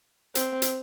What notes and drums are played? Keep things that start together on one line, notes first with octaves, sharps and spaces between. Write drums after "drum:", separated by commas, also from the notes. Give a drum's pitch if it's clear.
C4, drum: hi-hat
drum: hi-hat